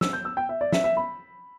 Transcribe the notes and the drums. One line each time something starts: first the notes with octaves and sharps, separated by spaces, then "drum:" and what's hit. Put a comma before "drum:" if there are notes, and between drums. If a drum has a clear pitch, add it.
E6, drum: snare
G6
E6
G5
E5
D5
E5, drum: snare
E5
B5